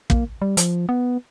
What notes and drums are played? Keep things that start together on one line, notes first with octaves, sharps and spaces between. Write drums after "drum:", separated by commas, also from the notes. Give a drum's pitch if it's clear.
A#3, drum: kick
G3
F3, drum: hi-hat
B3